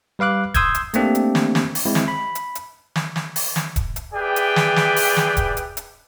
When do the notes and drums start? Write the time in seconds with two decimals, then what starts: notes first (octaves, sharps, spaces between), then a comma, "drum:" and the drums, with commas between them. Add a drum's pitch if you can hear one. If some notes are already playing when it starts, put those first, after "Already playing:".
0.19 G3 B4 F5 D6 F#6
0.54 C6 D#6 E6 G6 G#6, drum: kick D#1, hi-hat
0.75 drum: hi-hat
0.94 A3 A#3 C4 D4 G4, drum: hi-hat
1.15 drum: hi-hat
1.35 drum: snare
1.55 drum: snare
1.75 drum: open hi-hat
1.85 G#3 C4 E4
1.95 drum: snare
2.08 B5
2.35 drum: hi-hat
2.55 drum: hi-hat
2.96 drum: snare
3.16 drum: snare
3.36 drum: open hi-hat
3.56 drum: snare
3.76 drum: kick D#1, hi-hat
3.96 drum: hi-hat
4.14 G4 G#4 B4 D5 E5 G5
4.36 drum: hi-hat
4.56 drum: snare
4.76 drum: snare
4.96 drum: open hi-hat
5.17 drum: snare
5.37 drum: kick D#1, hi-hat
5.57 drum: hi-hat
5.77 drum: hi-hat